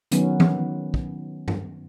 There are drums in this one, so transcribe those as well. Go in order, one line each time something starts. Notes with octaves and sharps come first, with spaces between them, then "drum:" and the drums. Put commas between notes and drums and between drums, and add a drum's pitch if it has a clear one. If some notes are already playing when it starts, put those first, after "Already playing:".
D#3 F#3 B3 C#4, drum: hi-hat
drum: tom E3
drum: kick
drum: tom G2